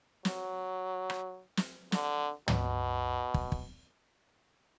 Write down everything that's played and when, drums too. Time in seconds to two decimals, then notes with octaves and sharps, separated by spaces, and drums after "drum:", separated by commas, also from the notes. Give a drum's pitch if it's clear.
0.25 F#3, drum: snare
1.10 drum: rim click
1.57 drum: snare
1.92 D3, drum: snare
2.48 B2, drum: tom
3.34 drum: kick
3.52 drum: kick